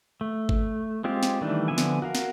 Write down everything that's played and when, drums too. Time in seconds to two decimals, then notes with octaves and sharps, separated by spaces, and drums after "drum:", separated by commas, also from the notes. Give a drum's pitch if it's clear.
0.21 A3
0.49 drum: kick G1
1.04 G#3 C4 F4 G4
1.23 drum: snare
1.41 D#3 E3 G3 A3 D4
1.68 D3 F3 B3 E5 G#5
1.78 drum: snare
2.02 F#4 A#4 F5
2.15 drum: snare